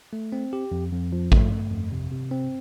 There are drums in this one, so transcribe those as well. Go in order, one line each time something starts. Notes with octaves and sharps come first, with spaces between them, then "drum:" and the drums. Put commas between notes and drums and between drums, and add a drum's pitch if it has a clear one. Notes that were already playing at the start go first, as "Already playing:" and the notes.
A3
C4
G4
F2
F2
F3
A3, drum: kick A1
A3
F2
C3
C3
C4